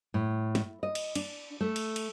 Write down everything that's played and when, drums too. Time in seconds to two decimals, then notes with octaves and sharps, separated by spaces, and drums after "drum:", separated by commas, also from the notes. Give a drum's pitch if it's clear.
0.14 A2
0.55 drum: snare
0.83 D#5
0.95 drum: cymbal
1.15 D4, drum: cymbal
1.61 A3
1.76 drum: cymbal
1.96 drum: cymbal